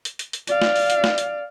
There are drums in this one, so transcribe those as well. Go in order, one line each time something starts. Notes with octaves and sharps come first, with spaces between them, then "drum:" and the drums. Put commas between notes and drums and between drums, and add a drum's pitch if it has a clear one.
drum: hi-hat
drum: hi-hat
drum: hi-hat
D5 F5, drum: hi-hat
drum: snare
drum: open hi-hat
drum: hi-hat
drum: snare
drum: hi-hat